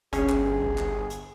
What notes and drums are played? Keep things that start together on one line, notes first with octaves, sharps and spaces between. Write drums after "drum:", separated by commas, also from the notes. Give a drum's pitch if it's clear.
G1 C#4 G#4, drum: kick C2, hi-hat
drum: clap
drum: kick C2
drum: clap
drum: hi-hat